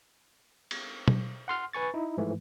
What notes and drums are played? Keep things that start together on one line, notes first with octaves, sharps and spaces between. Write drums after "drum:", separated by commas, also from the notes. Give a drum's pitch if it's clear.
drum: cymbal
drum: tom B2
F#5 C6 F6
B4 G#5 C#6 A6
D#4 E4
G#2 E3 F3 A3